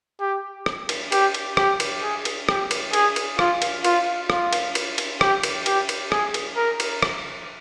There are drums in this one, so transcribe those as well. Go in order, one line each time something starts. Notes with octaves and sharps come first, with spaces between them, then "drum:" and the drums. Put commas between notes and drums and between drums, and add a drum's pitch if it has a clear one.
G4
drum: rim click
drum: cymbal
G4, drum: cymbal
drum: cymbal
G4, drum: rim click
drum: cymbal
G#4
drum: cymbal
G4, drum: rim click
drum: cymbal
G#4, drum: cymbal
drum: cymbal
F4, drum: rim click
drum: cymbal
F4, drum: cymbal
F4, drum: rim click
drum: cymbal
drum: cymbal
drum: cymbal
G4, drum: rim click
drum: cymbal
G4, drum: cymbal
drum: cymbal
G#4, drum: rim click
drum: cymbal
A#4
drum: cymbal
drum: rim click